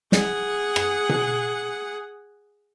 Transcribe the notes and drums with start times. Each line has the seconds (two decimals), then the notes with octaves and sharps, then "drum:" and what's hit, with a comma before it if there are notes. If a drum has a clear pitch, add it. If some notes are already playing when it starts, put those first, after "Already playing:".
0.12 G#4 F#5, drum: snare
0.76 drum: rim click
1.09 drum: tom B2